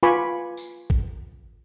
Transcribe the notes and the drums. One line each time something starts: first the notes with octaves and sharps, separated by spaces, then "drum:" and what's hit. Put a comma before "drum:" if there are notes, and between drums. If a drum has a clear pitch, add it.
F4 B4 G#5 B5 C#6 D6
drum: tambourine
drum: kick G#1